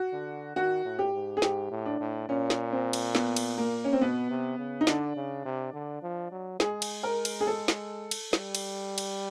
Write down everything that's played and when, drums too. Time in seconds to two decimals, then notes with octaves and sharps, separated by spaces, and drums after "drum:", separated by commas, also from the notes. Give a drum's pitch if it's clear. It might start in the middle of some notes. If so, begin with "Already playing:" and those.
Already playing: F#4
0.13 D3
0.56 D#3 F#4
0.85 A2
0.99 G4
1.14 G#2
1.37 G#4
1.42 G#2 G4, drum: snare
1.71 A2
1.86 D4
2.00 A2
2.29 A#2 C#4
2.50 drum: snare
2.72 C4
2.93 drum: cymbal
3.15 B3, drum: snare
3.36 drum: cymbal
3.58 A#3
3.84 C#4
3.93 C4
4.01 B2 B3
4.30 C3
4.58 C#3
4.81 D#4
4.87 D3 D4, drum: snare
5.16 C#3
5.45 C3
5.73 D3
6.03 F3
6.32 F#3
6.60 G#3 G#4, drum: snare
6.82 drum: cymbal
7.03 A#4
7.25 drum: cymbal
7.41 G#4
7.47 A4
7.68 drum: snare
8.11 drum: cymbal
8.33 G3, drum: snare
8.55 drum: cymbal
8.98 drum: cymbal